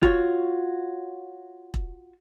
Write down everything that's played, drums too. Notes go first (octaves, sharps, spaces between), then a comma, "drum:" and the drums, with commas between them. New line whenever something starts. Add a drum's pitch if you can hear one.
F4 F#4 C#5, drum: kick E1
drum: kick E1